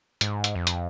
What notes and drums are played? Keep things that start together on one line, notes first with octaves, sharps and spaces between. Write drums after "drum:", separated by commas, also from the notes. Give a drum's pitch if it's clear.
G#2, drum: hi-hat
drum: hi-hat
F2
drum: hi-hat